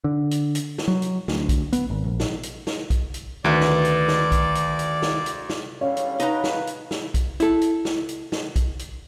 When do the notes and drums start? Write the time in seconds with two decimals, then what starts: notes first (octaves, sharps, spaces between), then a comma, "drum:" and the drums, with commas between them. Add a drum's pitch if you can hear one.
0.04 D3
0.31 drum: hi-hat
0.55 drum: hi-hat
0.78 drum: snare
0.88 F#3
1.02 drum: hi-hat
1.28 D2, drum: snare
1.49 drum: kick B1, hi-hat
1.73 B3, drum: hi-hat
1.90 G#1
2.05 A#1
2.20 drum: snare
2.43 drum: hi-hat
2.67 drum: snare
2.90 drum: kick B1, hi-hat
3.14 drum: hi-hat
3.44 D2 D#3 E4 B4 D5
3.61 drum: snare
3.85 drum: hi-hat
4.08 drum: snare
4.32 drum: kick B1, hi-hat
4.55 drum: hi-hat
4.79 drum: hi-hat
5.02 drum: snare
5.26 drum: hi-hat
5.49 drum: snare
5.81 E2 D3 G3 C#4 F5
5.97 drum: hi-hat
6.20 B2 D#4 B4 A#5, drum: hi-hat
6.44 drum: snare
6.67 drum: hi-hat
6.91 drum: snare
7.14 drum: kick B1, hi-hat
7.40 E4 A4, drum: hi-hat
7.61 drum: hi-hat
7.85 drum: snare
8.09 drum: hi-hat
8.32 drum: snare
8.56 drum: kick B1, hi-hat
8.79 drum: hi-hat